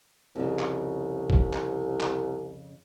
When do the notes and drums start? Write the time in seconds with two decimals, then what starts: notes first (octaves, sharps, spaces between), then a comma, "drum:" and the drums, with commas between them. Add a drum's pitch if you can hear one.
0.35 C2 F2 C#3
0.59 drum: clap
1.30 drum: kick
1.53 drum: clap
2.00 drum: clap